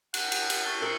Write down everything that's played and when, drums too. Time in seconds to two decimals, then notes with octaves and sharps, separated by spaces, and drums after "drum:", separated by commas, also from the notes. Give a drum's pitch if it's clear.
0.14 F#5, drum: cymbal
0.32 drum: cymbal
0.50 drum: cymbal
0.64 A4 C#6 F#6 G7
0.82 A#4 C5 E6 C7 C#7